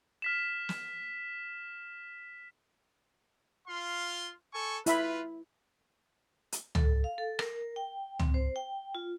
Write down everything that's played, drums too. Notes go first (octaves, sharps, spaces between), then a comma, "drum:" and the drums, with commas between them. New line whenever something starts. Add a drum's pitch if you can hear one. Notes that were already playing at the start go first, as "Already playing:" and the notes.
F6 B6 E7
drum: snare
F4 F5 C6
A4 G#5 C#6
E4 F4 B4 E5 B5, drum: hi-hat
drum: hi-hat
A4, drum: tom C#2
F5
A4
A#4, drum: rim click
G5
C4, drum: tom C#2
C5
G5
F4